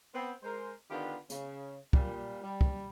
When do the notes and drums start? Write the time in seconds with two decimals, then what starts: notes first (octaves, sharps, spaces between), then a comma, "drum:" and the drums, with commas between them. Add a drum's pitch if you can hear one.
0.14 B3 C4
0.43 G#3 A#4 C5
0.90 D3 D#3 B3 D4 F4 G4
1.30 C#3, drum: hi-hat
1.93 A#2 G3, drum: kick
2.42 G3
2.61 drum: kick